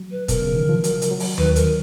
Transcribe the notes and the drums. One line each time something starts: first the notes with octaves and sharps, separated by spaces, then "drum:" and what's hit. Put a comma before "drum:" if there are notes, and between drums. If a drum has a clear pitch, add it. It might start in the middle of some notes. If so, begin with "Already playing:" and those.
Already playing: F#3
B4
B2 A#4, drum: kick, hi-hat
C#3
D#3
F3
F#3, drum: hi-hat
drum: hi-hat
F#3
drum: open hi-hat
D#3 B4, drum: tom D#2
A#4, drum: hi-hat